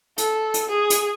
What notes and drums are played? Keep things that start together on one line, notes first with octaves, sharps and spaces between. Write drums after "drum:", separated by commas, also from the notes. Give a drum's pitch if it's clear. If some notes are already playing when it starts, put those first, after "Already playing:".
A4, drum: hi-hat
drum: hi-hat
G#4
drum: hi-hat